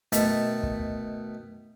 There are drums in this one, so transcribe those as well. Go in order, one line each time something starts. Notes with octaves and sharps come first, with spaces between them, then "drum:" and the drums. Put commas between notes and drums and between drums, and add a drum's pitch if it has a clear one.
B2 D#3 A3 A5 B5, drum: hi-hat
drum: kick